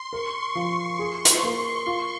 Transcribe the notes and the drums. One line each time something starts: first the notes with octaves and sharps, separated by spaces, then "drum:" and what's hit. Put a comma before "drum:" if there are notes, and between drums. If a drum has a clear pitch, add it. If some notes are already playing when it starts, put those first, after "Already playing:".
Already playing: C6
A#4 C#6
F3 C6
G#4
drum: hi-hat
A#3
F4